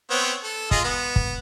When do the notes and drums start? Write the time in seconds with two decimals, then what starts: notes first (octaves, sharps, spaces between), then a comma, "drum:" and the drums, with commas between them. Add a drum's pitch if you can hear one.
0.10 B3 C4 C#5
0.43 A4
0.71 F4 G#4 D#5, drum: kick
0.84 B3
1.16 drum: kick